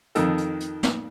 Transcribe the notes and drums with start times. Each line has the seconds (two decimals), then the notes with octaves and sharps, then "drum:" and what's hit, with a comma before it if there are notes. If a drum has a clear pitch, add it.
0.15 F2 D#3 A4, drum: hi-hat
0.38 drum: hi-hat
0.60 drum: hi-hat
0.83 drum: snare